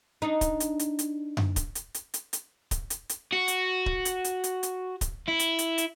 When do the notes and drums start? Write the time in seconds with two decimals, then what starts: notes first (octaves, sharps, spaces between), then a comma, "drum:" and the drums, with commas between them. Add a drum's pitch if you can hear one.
0.22 D4 D#4
0.41 drum: kick D1, hi-hat
0.60 drum: hi-hat
0.79 drum: hi-hat
0.99 drum: hi-hat
1.37 drum: tom F#2
1.56 drum: kick D1, hi-hat
1.75 drum: hi-hat
1.94 drum: hi-hat
2.14 drum: hi-hat
2.33 drum: hi-hat
2.71 drum: kick D1, hi-hat
2.90 drum: hi-hat
3.09 drum: hi-hat
3.32 F#4
3.48 drum: hi-hat
3.86 drum: kick D1
4.05 drum: hi-hat
4.24 drum: hi-hat
4.44 drum: hi-hat
4.63 drum: hi-hat
5.01 drum: kick D1, hi-hat
5.28 E4
5.39 drum: hi-hat
5.59 drum: hi-hat
5.78 drum: hi-hat